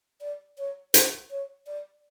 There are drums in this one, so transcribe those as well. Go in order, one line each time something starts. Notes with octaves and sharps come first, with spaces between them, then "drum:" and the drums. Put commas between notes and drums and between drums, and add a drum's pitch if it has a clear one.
D5
C#5
C5, drum: hi-hat
C#5
D5